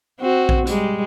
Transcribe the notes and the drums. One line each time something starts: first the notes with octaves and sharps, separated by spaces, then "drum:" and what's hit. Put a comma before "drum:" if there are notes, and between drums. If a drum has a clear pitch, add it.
C4 F#4
drum: kick A#1
G3 G#3, drum: hi-hat